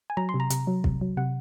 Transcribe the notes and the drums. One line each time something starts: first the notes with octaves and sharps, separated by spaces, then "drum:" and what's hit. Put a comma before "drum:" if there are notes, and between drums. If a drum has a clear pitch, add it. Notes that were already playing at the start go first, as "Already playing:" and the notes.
G#5
F#3 A#5
C6
C3
A#5
C3, drum: hi-hat
F#3
C3, drum: kick
F#3
C3 F#5